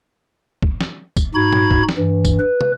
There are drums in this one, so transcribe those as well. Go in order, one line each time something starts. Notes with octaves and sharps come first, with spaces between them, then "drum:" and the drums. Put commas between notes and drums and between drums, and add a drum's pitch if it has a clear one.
drum: kick
drum: snare
drum: kick, tambourine
G#2 D#4 F#4 B5 G#6
drum: tom A#2
drum: kick
drum: snare
G2 E3
drum: kick, tambourine
B4
drum: tom